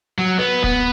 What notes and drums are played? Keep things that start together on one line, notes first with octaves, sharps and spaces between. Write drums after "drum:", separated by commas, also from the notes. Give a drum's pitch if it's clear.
F#3
B3
B3, drum: kick D1